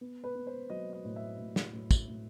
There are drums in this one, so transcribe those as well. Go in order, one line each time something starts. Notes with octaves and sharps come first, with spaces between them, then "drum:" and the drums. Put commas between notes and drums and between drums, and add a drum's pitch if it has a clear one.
B3
B4
B3
C5
F#3 D#5
D#5
A2
E5
A2
drum: snare
A2
drum: kick, tambourine
A2